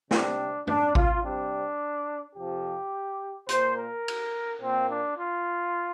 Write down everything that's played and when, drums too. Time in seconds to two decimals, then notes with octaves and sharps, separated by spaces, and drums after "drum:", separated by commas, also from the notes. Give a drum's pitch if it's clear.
0.11 C3 G3 C4 D4, drum: snare
0.67 D4, drum: tom
0.95 F4, drum: kick G#1
1.23 C3 G3 C4 D4
2.36 F2 C3 F3 G4
3.49 A#2 A#3 C5, drum: hi-hat
3.77 A#4
4.08 drum: cymbal
4.61 A#2 A#3 C4
4.90 D4
5.18 F4